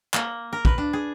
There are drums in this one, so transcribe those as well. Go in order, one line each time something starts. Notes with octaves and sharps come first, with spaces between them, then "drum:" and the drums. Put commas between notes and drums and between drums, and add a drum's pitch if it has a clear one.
A#3, drum: clap
A#4
B4, drum: kick
D4
G#4